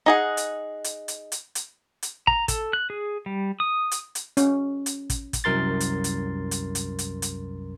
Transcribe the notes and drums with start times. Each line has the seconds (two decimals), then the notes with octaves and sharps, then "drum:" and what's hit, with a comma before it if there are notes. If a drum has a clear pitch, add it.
0.06 D#4 G#4 F#5
0.37 drum: hi-hat
0.84 drum: hi-hat
1.08 drum: hi-hat
1.32 drum: hi-hat
1.55 drum: hi-hat
2.03 drum: hi-hat
2.27 A#5, drum: kick
2.48 A4, drum: kick, hi-hat
2.73 F#6
2.90 G#4
3.26 G3
3.60 D#6
3.91 drum: hi-hat
4.15 drum: hi-hat
4.37 C#4, drum: hi-hat
4.86 drum: hi-hat
5.10 drum: kick, hi-hat
5.33 drum: kick, hi-hat
5.44 C2 F#2 A#4 C6 A6
5.80 drum: hi-hat
6.04 drum: hi-hat
6.51 drum: hi-hat
6.75 drum: hi-hat
6.99 drum: hi-hat
7.22 drum: hi-hat